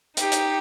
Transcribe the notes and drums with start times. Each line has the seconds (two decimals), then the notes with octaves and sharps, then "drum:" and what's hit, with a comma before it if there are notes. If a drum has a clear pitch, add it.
0.17 D#4 G4, drum: hi-hat
0.32 drum: hi-hat